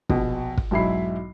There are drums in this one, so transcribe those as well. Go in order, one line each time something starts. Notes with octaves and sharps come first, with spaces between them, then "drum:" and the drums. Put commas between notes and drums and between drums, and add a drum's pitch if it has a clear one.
A#1 B2, drum: kick
drum: kick
B1 G#2 F#3 E4 B5 C7